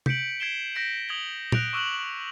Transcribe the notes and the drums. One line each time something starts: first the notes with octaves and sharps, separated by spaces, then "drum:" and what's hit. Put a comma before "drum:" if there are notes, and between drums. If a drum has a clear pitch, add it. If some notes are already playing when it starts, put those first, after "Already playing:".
G6 B6 C#7 D7 F#7, drum: tom
G#6 C7 D7 E7 G7
G6 A#6 B6 D7
D#6 G#6 F#7 G7
F#6 A#6 D7 F7, drum: tom
C#6 D6 E6 F#6 E7 F#7